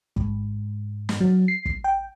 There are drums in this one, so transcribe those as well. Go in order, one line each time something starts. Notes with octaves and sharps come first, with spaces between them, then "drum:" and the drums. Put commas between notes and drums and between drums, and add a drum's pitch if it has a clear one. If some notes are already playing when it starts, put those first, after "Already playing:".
G#2, drum: kick
drum: snare
F#3
C7
drum: kick
G5